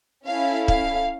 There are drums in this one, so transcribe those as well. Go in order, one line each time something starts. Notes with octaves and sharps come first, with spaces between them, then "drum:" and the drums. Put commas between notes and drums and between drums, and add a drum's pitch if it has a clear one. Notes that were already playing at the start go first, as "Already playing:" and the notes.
C#4 E4 A4 F5
F5, drum: kick